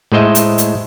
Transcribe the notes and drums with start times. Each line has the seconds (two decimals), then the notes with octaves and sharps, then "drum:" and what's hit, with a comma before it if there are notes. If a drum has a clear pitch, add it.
0.12 A2 G#3 C5 D#5 E5
0.35 drum: hi-hat
0.58 drum: hi-hat